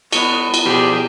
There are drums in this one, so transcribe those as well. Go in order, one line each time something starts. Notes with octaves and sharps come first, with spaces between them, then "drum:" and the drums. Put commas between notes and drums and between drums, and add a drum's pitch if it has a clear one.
G#3 B3 C#5, drum: cymbal
drum: cymbal
B2 F3 G4 G#4 D5